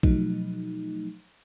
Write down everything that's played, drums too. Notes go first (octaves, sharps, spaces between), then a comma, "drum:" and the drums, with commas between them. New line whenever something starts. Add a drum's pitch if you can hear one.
B2 F3 F#3 A3 D#4, drum: kick A#1